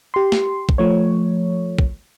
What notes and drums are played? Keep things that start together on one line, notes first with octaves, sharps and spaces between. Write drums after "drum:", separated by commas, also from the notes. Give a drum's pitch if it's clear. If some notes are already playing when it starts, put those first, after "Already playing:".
G4 C6
drum: snare
drum: kick
F3 A3 C#5
drum: kick